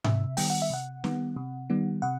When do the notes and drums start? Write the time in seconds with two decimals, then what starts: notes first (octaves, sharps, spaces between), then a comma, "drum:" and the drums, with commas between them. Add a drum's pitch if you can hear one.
0.04 C3 E5, drum: tom G#2
0.37 D#3 G3 B3 G5, drum: open hi-hat
0.50 F#5
0.62 E5
0.70 C3 F#5
1.04 D#3 G3 B3, drum: snare
1.36 C3
1.70 D#3 G3 B3
2.02 C3 F#5